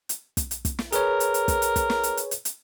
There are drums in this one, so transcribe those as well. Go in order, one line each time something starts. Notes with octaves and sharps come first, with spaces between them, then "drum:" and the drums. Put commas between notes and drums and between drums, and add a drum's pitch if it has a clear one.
drum: hi-hat
drum: kick, hi-hat
drum: hi-hat
drum: kick, hi-hat
drum: snare
G#4 A#4 B4 C#5, drum: hi-hat
drum: hi-hat
drum: hi-hat
drum: kick, hi-hat
drum: hi-hat
drum: kick, hi-hat
drum: snare
drum: hi-hat
drum: hi-hat
drum: hi-hat
drum: hi-hat